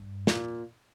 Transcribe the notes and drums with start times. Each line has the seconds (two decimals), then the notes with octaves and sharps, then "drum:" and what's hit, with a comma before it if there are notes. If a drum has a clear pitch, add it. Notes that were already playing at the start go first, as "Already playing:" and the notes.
Already playing: G2
0.27 A#2, drum: snare